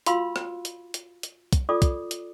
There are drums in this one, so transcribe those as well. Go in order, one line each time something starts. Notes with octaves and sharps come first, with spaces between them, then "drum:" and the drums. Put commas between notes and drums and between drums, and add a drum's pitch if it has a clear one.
F4 F#4 F5 B5 C6 E6, drum: hi-hat
drum: rim click
drum: hi-hat
drum: hi-hat
drum: hi-hat
drum: kick, hi-hat
F4 A4 D5 D6 D#6
drum: kick, hi-hat
drum: hi-hat